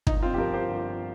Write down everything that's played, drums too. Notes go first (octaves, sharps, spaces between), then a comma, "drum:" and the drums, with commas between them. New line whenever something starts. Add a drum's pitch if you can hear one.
G1 D#4, drum: kick
C4 F4
G4
F3 F4 A#4
G4 C5
G1